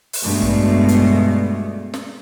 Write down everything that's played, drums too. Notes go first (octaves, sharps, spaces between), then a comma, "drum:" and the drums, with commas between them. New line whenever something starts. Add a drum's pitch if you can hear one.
drum: open hi-hat
G2 B2 G#3 A3
drum: kick
drum: hi-hat
drum: snare